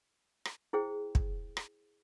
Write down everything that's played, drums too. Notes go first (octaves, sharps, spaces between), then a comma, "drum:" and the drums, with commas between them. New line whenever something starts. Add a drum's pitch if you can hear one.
drum: rim click
E4 G#4 C5 G5
drum: kick
drum: rim click